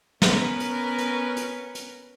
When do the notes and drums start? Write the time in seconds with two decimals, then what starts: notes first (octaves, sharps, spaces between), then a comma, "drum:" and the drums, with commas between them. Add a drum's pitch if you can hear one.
0.22 B3 C#4 A#4 B4, drum: snare
0.60 drum: hi-hat
0.98 drum: hi-hat
1.37 drum: hi-hat
1.75 drum: hi-hat